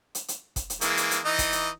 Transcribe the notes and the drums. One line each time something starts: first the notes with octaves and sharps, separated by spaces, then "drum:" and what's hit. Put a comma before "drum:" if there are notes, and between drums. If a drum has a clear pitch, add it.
drum: hi-hat
drum: hi-hat
drum: kick, hi-hat
drum: hi-hat
E3 G#3 A#3, drum: hi-hat
drum: hi-hat
drum: hi-hat
E3 D#4 D#5
drum: kick, hi-hat
drum: hi-hat